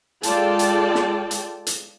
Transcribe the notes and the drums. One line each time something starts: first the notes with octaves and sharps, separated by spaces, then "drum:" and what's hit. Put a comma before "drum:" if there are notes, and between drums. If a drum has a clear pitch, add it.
G#3 F4 A4 D5 G5 A5, drum: hi-hat
drum: hi-hat
drum: snare
drum: hi-hat
drum: hi-hat